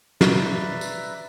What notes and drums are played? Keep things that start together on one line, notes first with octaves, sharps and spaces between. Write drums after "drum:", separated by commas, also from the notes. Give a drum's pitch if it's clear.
B4 D5 E5 A#5, drum: snare
drum: tambourine